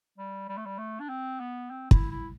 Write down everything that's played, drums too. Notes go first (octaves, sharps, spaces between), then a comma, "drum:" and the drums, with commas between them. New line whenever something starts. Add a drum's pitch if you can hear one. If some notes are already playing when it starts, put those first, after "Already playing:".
G3
G3
A3
G3
A3
D4
C4
B3
C4
E4, drum: kick
E4